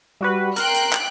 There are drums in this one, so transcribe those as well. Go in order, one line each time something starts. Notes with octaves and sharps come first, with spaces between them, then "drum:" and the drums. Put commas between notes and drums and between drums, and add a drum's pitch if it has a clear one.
G3 F#4 B4
A#4 G5 C6 F#6, drum: hi-hat
drum: hi-hat
drum: clap